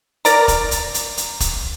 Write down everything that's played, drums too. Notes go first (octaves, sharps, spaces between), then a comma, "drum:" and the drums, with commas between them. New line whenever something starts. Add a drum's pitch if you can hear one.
A#4 D5 A#5, drum: hi-hat
drum: kick, hi-hat
drum: hi-hat
drum: hi-hat
drum: hi-hat
drum: kick, hi-hat